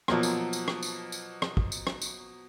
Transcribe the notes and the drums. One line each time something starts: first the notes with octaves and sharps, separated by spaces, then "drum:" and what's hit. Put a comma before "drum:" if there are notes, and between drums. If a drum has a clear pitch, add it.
B2 F3 F#3 A#3, drum: rim click
drum: tambourine
drum: tambourine
drum: rim click
drum: tambourine
drum: tambourine
drum: rim click
drum: kick
drum: tambourine
drum: rim click
drum: tambourine